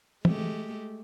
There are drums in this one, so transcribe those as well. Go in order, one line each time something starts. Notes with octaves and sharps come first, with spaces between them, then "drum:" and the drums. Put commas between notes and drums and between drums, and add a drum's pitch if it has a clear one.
G#3 A3 G4, drum: tom